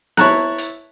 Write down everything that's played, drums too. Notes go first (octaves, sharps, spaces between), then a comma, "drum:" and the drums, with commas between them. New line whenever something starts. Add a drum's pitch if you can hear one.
E4 C#5 A5 A#5 F#6, drum: snare B3
drum: hi-hat